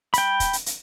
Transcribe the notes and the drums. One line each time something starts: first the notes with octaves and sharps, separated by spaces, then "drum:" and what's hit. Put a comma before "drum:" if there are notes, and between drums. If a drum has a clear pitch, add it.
G5 B5, drum: hi-hat
drum: kick, hi-hat
drum: hi-hat
drum: hi-hat